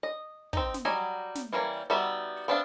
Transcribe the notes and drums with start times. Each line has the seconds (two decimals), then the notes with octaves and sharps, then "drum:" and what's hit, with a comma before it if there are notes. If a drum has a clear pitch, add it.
0.03 D#5
0.53 C4 D#4, drum: kick
0.74 drum: snare
0.85 F#3 G3 D#5 G#5
1.35 drum: snare
1.53 E3 G3 A#3 C#4
1.90 G3 B3 D#4 F#4 E5
2.48 B3 C4 D4 E5 F5